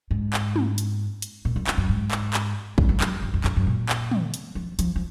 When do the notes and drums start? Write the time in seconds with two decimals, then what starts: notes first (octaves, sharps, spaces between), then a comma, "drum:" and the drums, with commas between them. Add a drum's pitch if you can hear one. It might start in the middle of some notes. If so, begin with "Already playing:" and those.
0.11 G#2
0.33 drum: clap
0.56 drum: tom
0.78 drum: hi-hat
1.22 drum: hi-hat
1.45 A#2
1.56 F#2
1.67 F2, drum: clap
1.77 F#2
1.89 G#2
2.11 drum: clap
2.34 drum: clap
2.78 G#2, drum: kick
2.89 F#2
3.00 F#2, drum: clap
3.22 F#2
3.34 F2
3.44 F2, drum: clap
3.56 F#2
3.67 A#2
3.89 drum: clap
4.11 drum: tom
4.34 drum: hi-hat
4.55 F3
4.79 F3, drum: hi-hat
4.96 F3